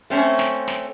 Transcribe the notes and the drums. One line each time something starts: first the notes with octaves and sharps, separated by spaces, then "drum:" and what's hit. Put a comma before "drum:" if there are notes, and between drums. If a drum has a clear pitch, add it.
A3 C4 C#4
drum: snare
drum: snare